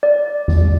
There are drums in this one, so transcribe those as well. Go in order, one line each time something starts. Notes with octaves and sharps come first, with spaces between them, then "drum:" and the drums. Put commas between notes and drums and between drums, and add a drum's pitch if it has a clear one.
D5
drum: tom E2